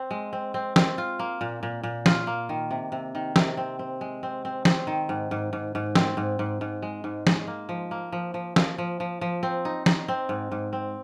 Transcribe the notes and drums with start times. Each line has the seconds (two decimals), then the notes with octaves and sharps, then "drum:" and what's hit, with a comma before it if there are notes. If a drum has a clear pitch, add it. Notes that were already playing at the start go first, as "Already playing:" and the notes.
Already playing: C4
0.11 G#3
0.33 C4
0.54 C4
0.76 C4, drum: snare
0.98 F4
1.19 A#3
1.41 A#2
1.63 A#2
1.83 A#2
2.06 F4, drum: snare
2.27 A#3
2.49 D#3
2.71 C3
2.92 C3
3.15 D#3
3.36 C3, drum: snare
3.57 C4
3.79 C4
4.01 G#3
4.23 C4
4.45 C4
4.65 C4, drum: snare
4.87 D#3
5.09 G#2
5.31 G#2
5.53 G#2
5.75 G#2
5.95 C4, drum: snare
6.17 G#2
6.39 G#2
6.61 G#2
6.82 G#3
7.04 G#2
7.27 G#3, drum: snare
7.48 A#3
7.69 F3
7.91 A#3
8.12 F3
8.34 F3
8.56 F3, drum: snare
8.78 F3
9.00 F3
9.21 F3
9.43 C4
9.65 D#4
9.86 D#4, drum: snare
10.08 C4
10.29 G#2
10.52 G#2
10.73 C4